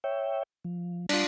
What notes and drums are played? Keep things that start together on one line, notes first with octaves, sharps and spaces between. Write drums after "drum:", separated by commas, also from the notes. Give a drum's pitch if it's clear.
C#5 E5 G5
F3
G3 D4 F4, drum: cymbal